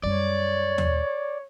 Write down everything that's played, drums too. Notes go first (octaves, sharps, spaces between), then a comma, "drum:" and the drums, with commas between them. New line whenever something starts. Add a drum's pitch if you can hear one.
F#2 G3 C#5 D5
drum: tom D#2